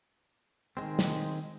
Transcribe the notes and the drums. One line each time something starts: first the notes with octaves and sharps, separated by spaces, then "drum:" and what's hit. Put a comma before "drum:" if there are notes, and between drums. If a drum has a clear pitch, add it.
D#3 G#3 C4
drum: snare